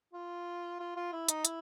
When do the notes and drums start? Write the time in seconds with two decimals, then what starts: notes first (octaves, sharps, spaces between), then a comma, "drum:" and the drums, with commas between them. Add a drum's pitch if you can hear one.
0.13 F4
0.79 F4
0.96 F4
1.13 E4
1.29 D#4, drum: hi-hat
1.45 E4, drum: hi-hat